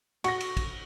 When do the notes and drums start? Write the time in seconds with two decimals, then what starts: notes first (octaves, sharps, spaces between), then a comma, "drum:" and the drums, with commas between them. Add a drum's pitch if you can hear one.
0.24 F#4 C#6 A#6, drum: cymbal
0.41 drum: cymbal
0.57 drum: kick, cymbal